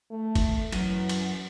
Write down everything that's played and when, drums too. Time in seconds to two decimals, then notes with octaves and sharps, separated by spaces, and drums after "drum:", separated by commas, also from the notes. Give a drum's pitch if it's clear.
0.11 A3
0.35 drum: kick G1, cymbal
0.72 F#2 E3, drum: cymbal
1.09 drum: cymbal